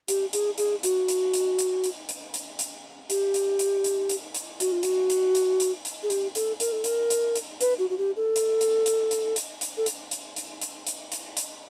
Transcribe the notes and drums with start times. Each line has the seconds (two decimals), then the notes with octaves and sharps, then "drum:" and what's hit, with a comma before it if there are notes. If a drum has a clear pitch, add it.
0.08 G4, drum: hi-hat
0.33 G#4, drum: hi-hat
0.58 G#4, drum: hi-hat
0.83 F#4, drum: hi-hat
1.08 drum: hi-hat
1.34 drum: hi-hat
1.59 drum: hi-hat
1.84 drum: hi-hat
2.09 drum: hi-hat
2.34 drum: hi-hat
2.59 drum: hi-hat
3.10 G4, drum: hi-hat
3.34 drum: hi-hat
3.59 drum: hi-hat
3.84 drum: hi-hat
4.09 drum: hi-hat
4.34 drum: hi-hat
4.60 F#4, drum: hi-hat
4.72 F4
4.83 F#4, drum: hi-hat
5.10 drum: hi-hat
5.35 drum: hi-hat
5.60 drum: hi-hat
5.85 drum: hi-hat
6.03 G#4
6.10 G4, drum: hi-hat
6.35 A4, drum: hi-hat
6.60 A#4, drum: hi-hat
6.72 A4
6.84 A#4, drum: hi-hat
7.10 drum: hi-hat
7.35 drum: hi-hat
7.61 B4, drum: hi-hat
7.79 F#4
7.90 F#4
7.98 G4
8.16 A4
8.36 drum: hi-hat
8.61 drum: hi-hat
8.86 drum: hi-hat
9.11 drum: hi-hat
9.36 drum: hi-hat
9.61 drum: hi-hat
9.77 A4
9.86 drum: hi-hat
10.11 drum: hi-hat
10.36 drum: hi-hat
10.61 drum: hi-hat
10.87 drum: hi-hat
11.12 drum: hi-hat
11.37 drum: hi-hat